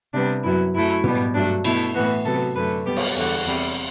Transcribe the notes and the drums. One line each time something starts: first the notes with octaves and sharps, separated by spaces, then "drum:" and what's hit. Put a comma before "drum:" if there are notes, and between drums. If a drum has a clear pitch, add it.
C3 G3 B3 D4
F#2 F#3 B3 E4
F#2 F#3 A3 E4
B2 G3 B3, drum: tom
G2 F#3 A3 D4
B2 A3 E4, drum: cymbal
A2 E3 B3 F#4
C3 F#3 B3 A4
F#2 D3 A3 B4
B2 G3 B3 G4
drum: cymbal
E2 D3 G3 F#4
E2 C3 G3